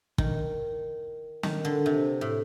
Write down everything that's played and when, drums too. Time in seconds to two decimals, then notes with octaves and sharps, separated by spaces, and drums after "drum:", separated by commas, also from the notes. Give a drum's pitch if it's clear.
0.18 D#3, drum: kick
1.43 D#3, drum: snare
1.65 D3
1.86 C3
2.21 A2